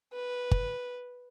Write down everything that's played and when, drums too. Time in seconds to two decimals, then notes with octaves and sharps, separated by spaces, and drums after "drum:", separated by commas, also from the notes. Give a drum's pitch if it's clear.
0.13 B4
0.51 drum: kick G1